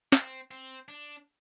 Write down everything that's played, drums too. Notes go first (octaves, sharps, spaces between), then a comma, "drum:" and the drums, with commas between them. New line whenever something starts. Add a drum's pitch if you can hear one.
C4, drum: snare
C4
D4